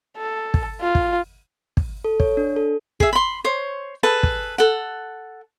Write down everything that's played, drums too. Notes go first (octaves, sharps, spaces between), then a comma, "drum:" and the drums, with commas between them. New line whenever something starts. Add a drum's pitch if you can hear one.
A4
drum: kick
F4
drum: kick
drum: kick
A4
C#5, drum: kick
D4
A4
G#4 E5, drum: kick
B5 C6
C5 C#5
G#4 A4 B4 A5
drum: kick
A4 F#5